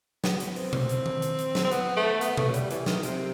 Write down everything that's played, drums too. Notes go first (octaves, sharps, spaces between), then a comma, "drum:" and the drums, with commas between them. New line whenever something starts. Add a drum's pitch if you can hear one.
B3, drum: snare
B3, drum: hi-hat
C4, drum: open hi-hat
drum: tom B2
drum: hi-hat
drum: tom D#3
drum: hi-hat
drum: hi-hat
drum: snare
C4
B3, drum: hi-hat
A3
B3, drum: hi-hat
A3, drum: tom B2
F#3
G3, drum: hi-hat
E3, drum: hi-hat
D#3, drum: snare
C3, drum: hi-hat